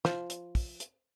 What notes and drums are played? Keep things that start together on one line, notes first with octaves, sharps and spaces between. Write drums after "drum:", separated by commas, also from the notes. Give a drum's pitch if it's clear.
F3, drum: snare
drum: hi-hat
drum: kick, open hi-hat
drum: hi-hat